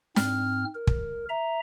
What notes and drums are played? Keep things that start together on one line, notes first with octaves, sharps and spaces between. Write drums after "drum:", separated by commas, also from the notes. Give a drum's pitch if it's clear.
G#2 C4 F6, drum: snare
A#4
drum: kick
E5 A#5